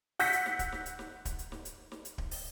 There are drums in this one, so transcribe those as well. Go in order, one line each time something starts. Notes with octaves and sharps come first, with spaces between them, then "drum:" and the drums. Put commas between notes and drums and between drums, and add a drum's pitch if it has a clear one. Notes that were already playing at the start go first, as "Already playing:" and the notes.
F#5 E6 G6 A#6 B6 C#7, drum: open hi-hat
drum: hi-hat
drum: snare
drum: kick D1, hi-hat
drum: snare
drum: hi-hat
drum: snare
drum: kick D1, hi-hat
drum: hi-hat
drum: snare
drum: hi-hat
drum: snare
drum: hi-hat
drum: kick D1
drum: open hi-hat